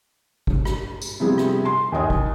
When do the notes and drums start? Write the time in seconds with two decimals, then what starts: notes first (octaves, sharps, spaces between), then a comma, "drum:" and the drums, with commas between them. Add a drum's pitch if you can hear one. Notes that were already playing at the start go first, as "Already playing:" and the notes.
0.47 drum: kick
0.65 drum: rim click
1.02 drum: tambourine
1.20 C3 F3 G3 B3 E4 G#4
1.38 drum: rim click
1.65 C6
1.92 D#2 D#5 G#5 D#6
2.10 drum: kick